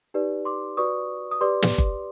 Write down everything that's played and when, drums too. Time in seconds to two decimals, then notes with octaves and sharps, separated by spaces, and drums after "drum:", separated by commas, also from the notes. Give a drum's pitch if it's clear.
0.14 D#4 G4 B4 D5
0.45 C6 D6
0.77 F#4 B4 D5 C#6 D#6
1.31 D#6
1.41 G4 B4 D5 C6 D6
1.62 drum: snare
1.78 drum: kick G1